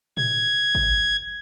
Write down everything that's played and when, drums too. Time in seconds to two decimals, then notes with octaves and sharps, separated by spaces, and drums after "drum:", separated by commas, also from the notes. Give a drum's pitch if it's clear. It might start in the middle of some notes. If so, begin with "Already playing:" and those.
0.17 G#6, drum: tom A2
0.75 drum: kick G#1